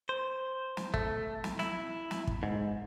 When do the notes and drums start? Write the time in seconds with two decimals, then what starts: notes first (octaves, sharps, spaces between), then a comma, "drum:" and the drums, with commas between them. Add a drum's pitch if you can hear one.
0.09 C5
0.77 drum: snare
0.94 A3, drum: kick
1.44 drum: snare
1.59 E4, drum: snare
2.11 drum: snare
2.27 drum: kick
2.43 G#2